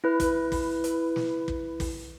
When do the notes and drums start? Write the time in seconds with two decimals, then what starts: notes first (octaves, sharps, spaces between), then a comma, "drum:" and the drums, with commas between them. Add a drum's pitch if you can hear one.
0.04 E4 B4
0.20 drum: kick, hi-hat
0.52 drum: kick, open hi-hat
0.84 drum: hi-hat
1.16 drum: snare
1.48 drum: kick
1.80 drum: kick, open hi-hat